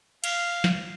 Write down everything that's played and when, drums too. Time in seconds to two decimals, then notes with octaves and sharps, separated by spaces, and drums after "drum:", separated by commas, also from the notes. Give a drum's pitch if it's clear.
0.24 F5, drum: cymbal
0.64 drum: snare